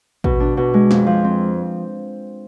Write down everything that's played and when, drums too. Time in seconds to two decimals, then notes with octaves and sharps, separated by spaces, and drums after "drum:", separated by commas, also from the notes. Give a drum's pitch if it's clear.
0.24 B2, drum: kick
0.40 D4
0.57 B2
0.74 G#3
0.91 F2, drum: snare
1.07 F3
1.24 C4